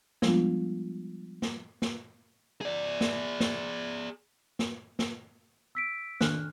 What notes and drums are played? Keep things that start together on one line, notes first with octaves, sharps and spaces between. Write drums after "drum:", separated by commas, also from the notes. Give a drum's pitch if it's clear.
F3 G3 G#3 B3 D4 F4, drum: snare
drum: snare
drum: snare
G#4 D5
drum: snare
drum: snare
drum: snare
drum: snare
E6 B6 D7
D#3 D4 F6 F#6, drum: snare